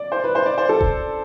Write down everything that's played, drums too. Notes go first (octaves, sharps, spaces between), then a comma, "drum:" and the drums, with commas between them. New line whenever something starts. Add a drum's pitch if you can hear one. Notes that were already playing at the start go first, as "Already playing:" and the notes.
Already playing: D5
C5
B4
C5
D5
C5
A4
drum: kick E1